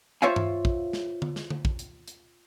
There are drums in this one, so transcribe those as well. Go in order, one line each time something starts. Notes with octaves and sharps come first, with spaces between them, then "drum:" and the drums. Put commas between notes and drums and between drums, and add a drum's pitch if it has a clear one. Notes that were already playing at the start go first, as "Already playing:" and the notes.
F4 C5 C#5 E5 F5 G#5
drum: tom G2
drum: kick
drum: snare
drum: tom D3
drum: snare
drum: tom D3
drum: kick
drum: hi-hat
drum: hi-hat